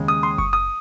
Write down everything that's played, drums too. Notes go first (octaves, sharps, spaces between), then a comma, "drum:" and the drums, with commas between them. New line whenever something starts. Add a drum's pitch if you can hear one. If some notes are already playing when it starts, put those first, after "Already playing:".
Already playing: D#2 C#3 G#3
D#6
C6
C#6, drum: kick F#1
D#6